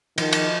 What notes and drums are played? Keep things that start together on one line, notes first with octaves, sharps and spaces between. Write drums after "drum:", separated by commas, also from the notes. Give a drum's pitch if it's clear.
D#3 F3, drum: cymbal
drum: cymbal